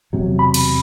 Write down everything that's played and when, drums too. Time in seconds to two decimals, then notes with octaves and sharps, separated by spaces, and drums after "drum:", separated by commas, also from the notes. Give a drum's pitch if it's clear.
0.13 E1 C3 F#3
0.39 B5
0.54 drum: cymbal